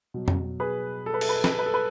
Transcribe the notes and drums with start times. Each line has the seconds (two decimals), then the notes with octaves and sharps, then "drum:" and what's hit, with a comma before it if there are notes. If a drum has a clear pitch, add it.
0.14 B2 F#3
0.28 drum: tom F2
0.60 G#4 B4
1.06 A4
1.14 B4
1.21 A4, drum: cymbal
1.29 B4
1.36 A4
1.44 B4, drum: snare
1.51 A4
1.59 B4
1.66 A4
1.74 B4